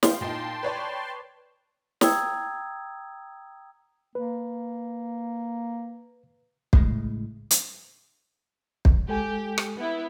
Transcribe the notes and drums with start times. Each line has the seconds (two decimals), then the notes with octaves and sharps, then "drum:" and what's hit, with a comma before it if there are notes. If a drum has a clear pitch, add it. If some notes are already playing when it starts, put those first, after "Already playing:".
0.03 F5 G5 C6, drum: snare
0.21 A#2 D#4 G5 A5 C6
0.63 B4 C#5 D5
2.01 G5 A#5 D#6 E6 G#6, drum: snare
4.15 A#3 B4
6.73 A2 C#3 G#3, drum: kick
7.51 drum: hi-hat
8.85 drum: kick
9.09 G#3 G4 A4 G#5
9.58 drum: rim click
9.77 B3 E4